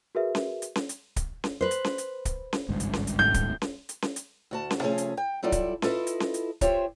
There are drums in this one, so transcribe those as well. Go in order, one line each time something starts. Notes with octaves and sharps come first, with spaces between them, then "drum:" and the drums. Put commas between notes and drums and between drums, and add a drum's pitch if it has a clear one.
F#4 G#4 A#4 B4 E5
drum: snare C#4
drum: hi-hat
drum: snare C#4
drum: hi-hat
drum: kick D1, hi-hat
drum: snare C#4
B4 C5
drum: hi-hat
drum: snare C#4
drum: hi-hat
drum: kick D1, hi-hat
drum: snare C#4
G#1 C#2 G2
drum: hi-hat
drum: snare C#4
drum: hi-hat
A2 G6
drum: kick D1, hi-hat
drum: snare C#4
drum: hi-hat
drum: snare C#4
drum: hi-hat
D2 F#4 A5
drum: snare C#4
C3 F3 A3 C#4 G#4
drum: hi-hat
G5
F#3 G3 E4 F4 A4 D5
drum: kick D1, hi-hat
E4 F4 A4 B4 D#5, drum: snare C#4
drum: hi-hat
drum: snare C#4
drum: hi-hat
F4 G4 C5 C#5 E5, drum: kick D1, hi-hat